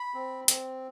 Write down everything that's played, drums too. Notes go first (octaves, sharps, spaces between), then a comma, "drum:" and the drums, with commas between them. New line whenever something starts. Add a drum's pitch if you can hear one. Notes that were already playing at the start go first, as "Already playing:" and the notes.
Already playing: B5
C4
C4, drum: hi-hat